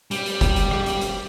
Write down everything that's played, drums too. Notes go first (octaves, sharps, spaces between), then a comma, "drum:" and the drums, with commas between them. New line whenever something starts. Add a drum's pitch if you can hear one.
G3, drum: hi-hat
drum: hi-hat
drum: kick, hi-hat
drum: hi-hat
drum: rim click
drum: hi-hat
drum: hi-hat